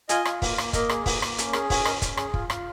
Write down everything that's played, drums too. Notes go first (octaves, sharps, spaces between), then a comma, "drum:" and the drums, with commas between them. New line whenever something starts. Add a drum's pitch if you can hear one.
F4 D#5 G#5, drum: hi-hat
F4, drum: rim click
A#3, drum: kick, open hi-hat
A#3, drum: rim click
A#3 A#4 D#5, drum: kick, hi-hat
G#4, drum: rim click
A#3, drum: kick, open hi-hat
A#3, drum: rim click
C#4, drum: hi-hat
G#4 A#4, drum: rim click
C#4 C#5, drum: kick, open hi-hat
C#4 A#4 D#5, drum: rim click
C#4, drum: kick, hi-hat
G#4, drum: rim click
F4, drum: kick
F4, drum: rim click